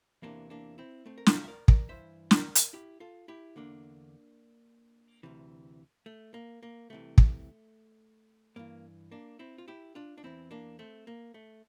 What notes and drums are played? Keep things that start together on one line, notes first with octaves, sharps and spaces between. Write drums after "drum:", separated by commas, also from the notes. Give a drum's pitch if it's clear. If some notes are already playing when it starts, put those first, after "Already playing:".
E2 C3 E3 A#3 D4
A#3 D4
C4 E4
A3 C4
A#4
F4 A4, drum: snare
E5
A#4 D5
A#4 D5, drum: kick
G2 E3 C5 E5
A#4 D5, drum: snare
drum: hi-hat
E4 G4
F4 A4
E4 G4
E2 D3 A#3 D4
D2 C3 E3
A3
A#3
A#3
C2 C3 E3 A3
drum: kick
G2 E3 A#3
A#3 D4
C4 E4
F4
E4 G4
D4 F4
D4
E2 E3 C4 E4
A#3 D4
A3 C4
A#3
A3